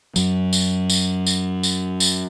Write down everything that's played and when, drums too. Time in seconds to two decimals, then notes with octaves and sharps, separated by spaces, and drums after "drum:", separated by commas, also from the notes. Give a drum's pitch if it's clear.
0.16 F#2 F#3, drum: tambourine
0.53 drum: tambourine
0.90 drum: tambourine
1.27 drum: tambourine
1.63 drum: tambourine
2.00 drum: tambourine